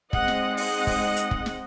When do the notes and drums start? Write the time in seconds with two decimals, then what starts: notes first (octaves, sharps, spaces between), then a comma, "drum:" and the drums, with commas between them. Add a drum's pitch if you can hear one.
0.13 G#3 C4 D#4 D#5 F#5, drum: kick
0.28 drum: snare
0.57 D#5 F#5, drum: open hi-hat
0.87 drum: kick, open hi-hat
1.16 drum: hi-hat
1.31 drum: kick
1.46 drum: snare